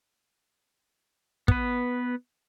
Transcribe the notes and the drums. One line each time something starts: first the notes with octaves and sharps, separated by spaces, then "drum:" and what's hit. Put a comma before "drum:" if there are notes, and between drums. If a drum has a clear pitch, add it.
B3 B4, drum: kick